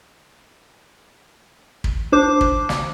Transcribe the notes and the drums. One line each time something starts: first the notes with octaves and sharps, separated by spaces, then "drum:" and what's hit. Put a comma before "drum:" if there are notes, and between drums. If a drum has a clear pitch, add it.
drum: kick
D4 C5 D6
drum: kick
drum: snare